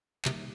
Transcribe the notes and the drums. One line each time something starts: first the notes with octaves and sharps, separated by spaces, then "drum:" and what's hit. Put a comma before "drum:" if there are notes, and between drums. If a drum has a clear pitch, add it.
C3 D#3 G3 A#3, drum: clap